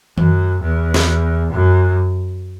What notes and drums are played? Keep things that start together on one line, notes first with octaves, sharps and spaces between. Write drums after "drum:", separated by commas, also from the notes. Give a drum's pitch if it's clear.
F#2, drum: tom D#3
E2
drum: snare
F#2